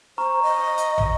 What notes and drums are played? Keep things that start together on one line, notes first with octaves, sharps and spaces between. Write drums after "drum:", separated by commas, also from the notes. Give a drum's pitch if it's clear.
C5 A#5 C#6 F6
D#5
drum: hi-hat
drum: tom